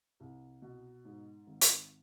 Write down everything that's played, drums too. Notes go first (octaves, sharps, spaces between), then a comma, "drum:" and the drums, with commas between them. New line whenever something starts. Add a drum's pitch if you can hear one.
C2
B2
G#2
G#1
drum: hi-hat